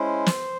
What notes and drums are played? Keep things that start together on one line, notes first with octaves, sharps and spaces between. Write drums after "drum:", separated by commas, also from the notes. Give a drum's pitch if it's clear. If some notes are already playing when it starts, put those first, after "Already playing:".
Already playing: G#3 C#4 E4 C5
drum: snare